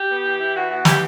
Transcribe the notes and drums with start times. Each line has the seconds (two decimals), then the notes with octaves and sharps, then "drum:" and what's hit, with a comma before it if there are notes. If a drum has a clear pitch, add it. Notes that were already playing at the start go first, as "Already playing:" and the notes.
Already playing: G4
0.09 B3
0.23 E3
0.40 E4
0.54 E3 F#4
0.70 B3 F#4
0.85 E3 E4 G4, drum: snare